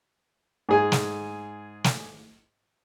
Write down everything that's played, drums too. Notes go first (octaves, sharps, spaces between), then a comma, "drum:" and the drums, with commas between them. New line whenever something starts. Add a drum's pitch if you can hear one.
G#2 G#4 G#5
drum: snare
drum: snare